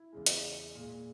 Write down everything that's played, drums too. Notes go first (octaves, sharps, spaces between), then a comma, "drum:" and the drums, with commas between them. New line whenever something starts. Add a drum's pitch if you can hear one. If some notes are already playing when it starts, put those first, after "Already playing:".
Already playing: E4
E2 C#3 G#3
drum: hi-hat
A#2 G#3